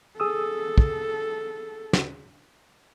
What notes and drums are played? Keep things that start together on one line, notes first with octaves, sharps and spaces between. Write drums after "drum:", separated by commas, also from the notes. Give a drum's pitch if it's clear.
G#4 A4 D#6 E6
drum: kick
drum: snare